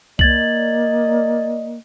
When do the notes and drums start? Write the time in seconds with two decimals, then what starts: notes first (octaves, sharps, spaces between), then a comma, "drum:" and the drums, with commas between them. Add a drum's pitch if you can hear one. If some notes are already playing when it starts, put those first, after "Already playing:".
0.19 A#3 D5 D#5 G#6 A6 F#7, drum: kick C2